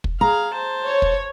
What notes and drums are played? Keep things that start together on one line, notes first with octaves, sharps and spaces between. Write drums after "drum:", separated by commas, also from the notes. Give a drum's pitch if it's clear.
drum: kick
G#4 F5 A#5
C5 A5
C#5
drum: kick